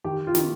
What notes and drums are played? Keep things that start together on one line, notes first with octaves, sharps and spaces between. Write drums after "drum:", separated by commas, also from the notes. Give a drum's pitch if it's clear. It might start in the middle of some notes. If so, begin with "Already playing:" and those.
D#3 G4
F4
D#3, drum: snare